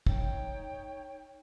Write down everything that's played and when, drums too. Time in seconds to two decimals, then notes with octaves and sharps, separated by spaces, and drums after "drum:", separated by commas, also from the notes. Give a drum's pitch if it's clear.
0.07 D#4 C#5 G5, drum: kick